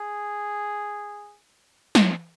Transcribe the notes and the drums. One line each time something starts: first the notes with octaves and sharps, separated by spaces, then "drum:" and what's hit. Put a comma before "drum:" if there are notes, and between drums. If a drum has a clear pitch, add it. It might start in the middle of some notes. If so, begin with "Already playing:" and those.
Already playing: G#4
drum: snare